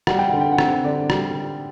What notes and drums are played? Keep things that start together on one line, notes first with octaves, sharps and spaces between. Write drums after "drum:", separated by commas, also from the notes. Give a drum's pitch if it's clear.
G3 F#5, drum: rim click
G5
D3 F#5
G5
F#5
C4, drum: rim click
D3 D5
G3, drum: rim click